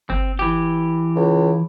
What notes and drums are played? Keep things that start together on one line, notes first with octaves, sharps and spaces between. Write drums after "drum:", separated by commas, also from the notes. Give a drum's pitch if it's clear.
C4, drum: kick G1
E3 G4
C#2